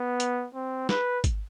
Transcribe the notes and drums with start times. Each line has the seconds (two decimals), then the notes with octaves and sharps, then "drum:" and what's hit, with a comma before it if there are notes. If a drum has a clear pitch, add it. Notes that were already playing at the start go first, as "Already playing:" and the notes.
Already playing: B3
0.20 drum: hi-hat
0.54 C4
0.89 B4, drum: snare
1.24 drum: kick G#1, hi-hat